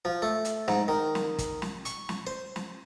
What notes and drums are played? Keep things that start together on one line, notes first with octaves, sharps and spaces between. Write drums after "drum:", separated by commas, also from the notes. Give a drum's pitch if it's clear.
F3
A3
drum: hi-hat
G#2, drum: snare
D#3
drum: snare
drum: kick, hi-hat
drum: snare
C#6, drum: hi-hat
drum: snare
C5
drum: snare